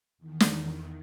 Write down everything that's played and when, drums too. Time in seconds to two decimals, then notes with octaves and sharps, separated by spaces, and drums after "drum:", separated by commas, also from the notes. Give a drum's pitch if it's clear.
0.18 E2 D#3
0.40 drum: snare